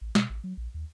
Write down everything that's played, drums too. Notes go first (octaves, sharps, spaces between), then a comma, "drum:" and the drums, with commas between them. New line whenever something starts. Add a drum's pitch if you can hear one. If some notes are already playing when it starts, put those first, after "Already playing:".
A1
B2, drum: snare
A1
F#3
A#1
D#2